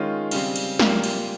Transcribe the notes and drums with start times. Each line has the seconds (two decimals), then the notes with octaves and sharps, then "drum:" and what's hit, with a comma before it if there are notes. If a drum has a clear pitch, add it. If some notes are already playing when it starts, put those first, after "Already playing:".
Already playing: D#3 G#3 C#4 F4
0.31 C#3 G3 C4 F5, drum: cymbal
0.56 drum: cymbal
0.79 G3 A#3 F4 G5, drum: snare
1.04 drum: cymbal